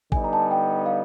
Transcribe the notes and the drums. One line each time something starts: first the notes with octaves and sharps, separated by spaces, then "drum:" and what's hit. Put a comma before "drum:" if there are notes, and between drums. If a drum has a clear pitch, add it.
D3 G3 B3 D#4 G#5, drum: kick G#1
A#5
A5
G#5
G5
F5